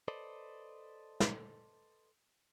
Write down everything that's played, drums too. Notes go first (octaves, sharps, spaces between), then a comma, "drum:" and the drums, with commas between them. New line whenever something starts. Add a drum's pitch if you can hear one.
A4 B4 C5 D5 D#5
drum: snare